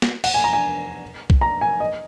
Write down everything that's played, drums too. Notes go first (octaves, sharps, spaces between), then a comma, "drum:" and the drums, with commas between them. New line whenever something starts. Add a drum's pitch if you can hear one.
drum: snare
F#5, drum: cymbal
G#5
A#5
G#5
drum: kick B1
A#5
G#5
D#5